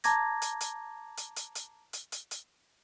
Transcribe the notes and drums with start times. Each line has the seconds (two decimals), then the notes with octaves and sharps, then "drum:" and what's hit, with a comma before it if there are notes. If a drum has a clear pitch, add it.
0.04 A5 A#5 D6 G#6 A#6, drum: hi-hat
0.42 drum: hi-hat
0.61 drum: hi-hat
1.18 drum: hi-hat
1.36 drum: hi-hat
1.55 drum: hi-hat
1.93 drum: hi-hat
2.12 drum: hi-hat
2.31 drum: hi-hat